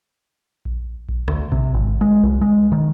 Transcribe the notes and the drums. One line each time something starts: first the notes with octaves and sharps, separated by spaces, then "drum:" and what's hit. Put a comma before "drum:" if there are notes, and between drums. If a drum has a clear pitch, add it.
drum: kick A#1
drum: kick A#1
D2, drum: rim click
C3, drum: kick A#1
G#1
G#3
C2
G#3
D#3